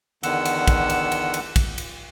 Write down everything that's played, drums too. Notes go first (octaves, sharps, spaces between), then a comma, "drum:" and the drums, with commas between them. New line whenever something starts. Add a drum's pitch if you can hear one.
E2 D3 D#3 F#5 E6, drum: cymbal
drum: cymbal
drum: kick, cymbal
drum: cymbal
drum: cymbal
drum: cymbal
drum: kick, cymbal
drum: cymbal